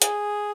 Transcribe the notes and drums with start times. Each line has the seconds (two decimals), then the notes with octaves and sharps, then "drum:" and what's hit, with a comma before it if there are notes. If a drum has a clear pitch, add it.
0.02 G#4, drum: hi-hat